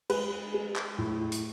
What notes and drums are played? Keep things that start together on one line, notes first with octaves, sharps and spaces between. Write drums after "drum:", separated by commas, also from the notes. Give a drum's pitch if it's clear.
G#3 B4, drum: cymbal
G#3
drum: clap
A2
drum: hi-hat